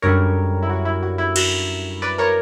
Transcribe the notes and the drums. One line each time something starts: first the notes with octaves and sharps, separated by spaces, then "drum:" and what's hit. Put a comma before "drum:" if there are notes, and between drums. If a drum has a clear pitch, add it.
F#2 D3 G3 A#4 C#5
E4
F#4
E4
F#4
E4
F#4, drum: cymbal
B4 D5
A#4 C#5